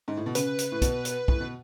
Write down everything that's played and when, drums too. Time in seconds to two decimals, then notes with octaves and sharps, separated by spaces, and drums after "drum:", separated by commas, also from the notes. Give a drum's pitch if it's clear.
0.08 G#2
0.17 A2
0.26 B2
0.35 C#3 B4, drum: hi-hat
0.59 drum: hi-hat
0.72 A2
0.82 B2, drum: kick, hi-hat
1.05 drum: hi-hat
1.28 A2, drum: kick
1.40 B2